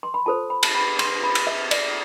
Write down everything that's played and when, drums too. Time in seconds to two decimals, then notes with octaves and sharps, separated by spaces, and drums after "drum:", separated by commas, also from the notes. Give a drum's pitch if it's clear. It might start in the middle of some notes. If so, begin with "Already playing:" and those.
0.03 C6
0.14 B5
0.26 F4 A4 C5 A5
0.50 B5
0.63 A5, drum: cymbal
0.75 B5
0.99 C6, drum: cymbal
1.23 B5
1.35 drum: cymbal
1.47 E5
1.71 D5, drum: cymbal